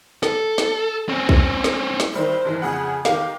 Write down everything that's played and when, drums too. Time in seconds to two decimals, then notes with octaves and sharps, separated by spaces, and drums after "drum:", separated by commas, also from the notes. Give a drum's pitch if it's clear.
0.23 A4, drum: snare
0.58 drum: snare
1.09 C4 C#4
1.29 drum: kick
1.64 drum: snare
2.00 drum: snare
2.13 D#3 G3 E4 C5
2.45 G2 D#3 E3
2.62 F2 C#3 G#4 F#5
3.05 D#3 G4 A#4 F5, drum: snare